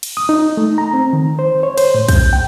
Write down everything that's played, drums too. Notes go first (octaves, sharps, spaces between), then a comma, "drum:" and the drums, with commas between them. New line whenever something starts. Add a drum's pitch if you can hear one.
drum: cymbal
D#6
D#4
A3
A#5
C4
D#3
C5
C#5
C5, drum: cymbal
A2
G6, drum: kick, cymbal
G5